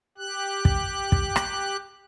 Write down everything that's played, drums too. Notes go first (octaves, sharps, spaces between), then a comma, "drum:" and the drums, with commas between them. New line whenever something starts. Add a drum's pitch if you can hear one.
G4 F#6
drum: kick
drum: kick
drum: rim click